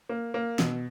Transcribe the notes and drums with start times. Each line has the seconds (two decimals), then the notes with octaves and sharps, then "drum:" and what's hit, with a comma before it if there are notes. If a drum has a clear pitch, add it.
0.09 A#3
0.34 A#3
0.59 B2, drum: snare